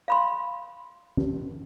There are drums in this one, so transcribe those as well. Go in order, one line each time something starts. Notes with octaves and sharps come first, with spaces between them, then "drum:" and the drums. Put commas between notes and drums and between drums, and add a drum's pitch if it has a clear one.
F5 B5 C6
drum: tom